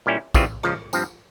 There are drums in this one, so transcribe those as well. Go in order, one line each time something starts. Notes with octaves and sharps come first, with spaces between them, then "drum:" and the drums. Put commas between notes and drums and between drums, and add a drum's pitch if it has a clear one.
A#2 G3 C#4 E4
C#3 E3 G3 C4 F4, drum: kick, tambourine
C#2 C#3 F3, drum: rim click
G2 F3 C4, drum: tambourine